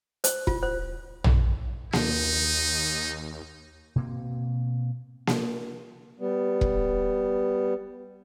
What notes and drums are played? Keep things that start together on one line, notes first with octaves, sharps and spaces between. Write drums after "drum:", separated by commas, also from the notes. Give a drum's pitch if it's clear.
C5, drum: hi-hat
F4, drum: kick E1
C5
drum: tom A#1
D#2 D#4, drum: snare A#3
B2 A#3 C4
drum: snare A#3
G3 B3
drum: kick E1